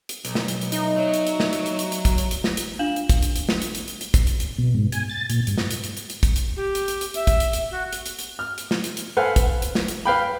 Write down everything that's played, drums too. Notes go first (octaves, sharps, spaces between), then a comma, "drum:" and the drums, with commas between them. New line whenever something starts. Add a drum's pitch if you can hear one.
drum: hi-hat
B1, drum: hi-hat
drum: snare
drum: hi-hat
drum: hi-hat
D#4 E5, drum: hi-hat
F#3 C#5 D5 E5
drum: hi-hat
drum: hi-hat
drum: snare
drum: hi-hat
drum: hi-hat
drum: hi-hat
drum: hi-hat
drum: kick, hi-hat
drum: hi-hat
drum: hi-hat
drum: snare
drum: hi-hat
D4 F4 F5 E7 F#7
drum: hi-hat
drum: kick, hi-hat
drum: hi-hat
drum: hi-hat
drum: snare
drum: hi-hat
drum: hi-hat
drum: hi-hat
drum: hi-hat
drum: kick, hi-hat
drum: hi-hat
drum: hi-hat
B2
G#2
G#5, drum: hi-hat
A6
A#2, drum: hi-hat
G2, drum: hi-hat
drum: snare
drum: hi-hat
drum: hi-hat
drum: hi-hat
drum: hi-hat
drum: kick, hi-hat
drum: hi-hat
G4
drum: hi-hat
drum: hi-hat
drum: hi-hat
E5, drum: hi-hat
drum: kick, hi-hat
drum: hi-hat
drum: hi-hat
F#4
drum: hi-hat
drum: hi-hat
drum: hi-hat
F6
drum: hi-hat
drum: snare
drum: hi-hat
drum: hi-hat
A4 B4 C5 F5 F#5 G#5
drum: kick, hi-hat
drum: hi-hat
drum: snare
drum: hi-hat
B4 F5 G5 B5